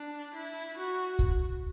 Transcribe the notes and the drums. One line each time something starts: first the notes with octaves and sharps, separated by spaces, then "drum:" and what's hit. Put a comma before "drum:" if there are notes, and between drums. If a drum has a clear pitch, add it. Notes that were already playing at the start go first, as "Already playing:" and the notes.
Already playing: D4
E4
F#4
drum: kick